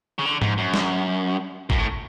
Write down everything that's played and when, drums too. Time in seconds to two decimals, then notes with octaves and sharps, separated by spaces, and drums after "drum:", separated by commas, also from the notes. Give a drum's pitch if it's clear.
0.19 C#3
0.25 D3
0.42 G#2, drum: tom G#2
0.58 F#2
0.74 drum: snare
1.70 F#2, drum: kick G#1
1.78 A2